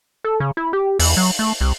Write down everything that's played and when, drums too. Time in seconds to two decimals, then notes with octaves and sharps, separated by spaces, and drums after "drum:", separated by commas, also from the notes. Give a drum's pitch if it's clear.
0.24 A4
0.40 C#3
0.57 E4
0.73 G4
0.99 E2, drum: open hi-hat
1.17 F#3
1.39 A3
1.61 C2